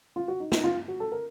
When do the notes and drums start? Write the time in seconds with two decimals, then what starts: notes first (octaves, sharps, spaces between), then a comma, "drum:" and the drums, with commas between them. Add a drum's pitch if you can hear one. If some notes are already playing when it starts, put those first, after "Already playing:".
0.16 F4
0.28 F#4
0.40 D#4
0.52 D#4, drum: snare
0.64 F4
0.88 F#4
1.00 A4
1.12 A#4